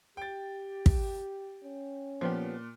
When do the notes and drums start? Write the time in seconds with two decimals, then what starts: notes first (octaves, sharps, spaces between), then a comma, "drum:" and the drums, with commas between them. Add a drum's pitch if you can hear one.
0.17 G4 G5 A6
0.86 drum: kick
1.64 C#4
2.21 A#2 F3 B3 G4